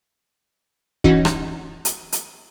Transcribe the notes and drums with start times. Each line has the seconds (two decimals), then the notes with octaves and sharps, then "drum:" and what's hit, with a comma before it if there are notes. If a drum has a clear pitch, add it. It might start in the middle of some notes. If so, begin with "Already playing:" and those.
1.04 E3 C#4 D#4 F#4, drum: kick
1.25 drum: rim click
1.85 drum: hi-hat
2.12 drum: hi-hat